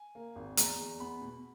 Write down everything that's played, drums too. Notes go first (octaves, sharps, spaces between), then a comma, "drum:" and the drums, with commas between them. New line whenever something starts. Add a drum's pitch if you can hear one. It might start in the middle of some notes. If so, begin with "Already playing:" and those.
Already playing: G#5
A#3
G#1
E2 A#5, drum: hi-hat
E2
B3 B5
B2